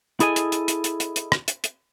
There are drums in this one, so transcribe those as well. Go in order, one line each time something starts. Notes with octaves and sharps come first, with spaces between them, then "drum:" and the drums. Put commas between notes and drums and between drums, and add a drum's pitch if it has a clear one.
E4 G#4 A4 D#5 G#5, drum: hi-hat
drum: hi-hat
drum: hi-hat
drum: hi-hat
drum: hi-hat
drum: hi-hat
drum: hi-hat
drum: rim click
drum: hi-hat
drum: hi-hat